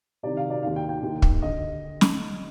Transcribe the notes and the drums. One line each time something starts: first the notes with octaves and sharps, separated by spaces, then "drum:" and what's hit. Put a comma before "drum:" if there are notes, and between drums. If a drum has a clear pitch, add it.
C2 C3 D#3 D5
F5
D5
D#2 D#3 F5
G5
G5
D#2 D#3
drum: kick
D3 D#5
drum: snare